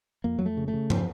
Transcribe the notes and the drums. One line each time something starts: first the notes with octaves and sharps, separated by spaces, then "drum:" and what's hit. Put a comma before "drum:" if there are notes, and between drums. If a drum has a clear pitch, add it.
F2 A#3
F2 F#3
A3
C#3
A3
C#3
F3, drum: tom